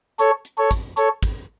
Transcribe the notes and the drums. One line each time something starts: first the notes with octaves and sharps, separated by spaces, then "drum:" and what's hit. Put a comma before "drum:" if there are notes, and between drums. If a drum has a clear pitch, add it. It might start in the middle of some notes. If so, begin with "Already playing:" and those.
A4 C#5, drum: hi-hat
drum: hi-hat
A4 C#5
drum: kick, hi-hat
A4 C#5, drum: hi-hat
drum: kick, hi-hat